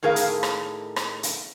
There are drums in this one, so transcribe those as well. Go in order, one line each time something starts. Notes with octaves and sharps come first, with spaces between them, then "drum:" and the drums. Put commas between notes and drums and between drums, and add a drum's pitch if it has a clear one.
A2 D#3 G#4 A#4 D5 F5
drum: hi-hat
drum: rim click
drum: rim click
drum: hi-hat